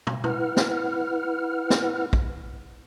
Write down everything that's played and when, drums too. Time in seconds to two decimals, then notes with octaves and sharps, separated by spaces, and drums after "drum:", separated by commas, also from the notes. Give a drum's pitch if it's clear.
0.07 drum: tom
0.24 E4 B4 F#5 F6, drum: tom
0.57 drum: snare
1.70 drum: snare
2.13 drum: kick